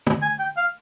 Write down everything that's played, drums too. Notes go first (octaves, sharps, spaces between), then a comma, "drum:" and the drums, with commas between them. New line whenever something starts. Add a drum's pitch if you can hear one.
drum: tom
G#5
G5
F5